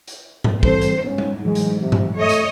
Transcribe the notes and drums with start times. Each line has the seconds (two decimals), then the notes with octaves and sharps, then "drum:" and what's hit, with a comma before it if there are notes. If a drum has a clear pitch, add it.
0.07 drum: hi-hat
0.44 drum: tom G#2
0.63 E3 G3 C4 A4 C5, drum: kick
0.81 drum: hi-hat
1.04 G#2 B3 C#4
1.18 drum: tom G3
1.45 A2 E3 F#3 G#3
1.55 drum: hi-hat
1.80 C3
1.92 drum: tom G2
2.16 A3 C#5 D#5
2.29 drum: hi-hat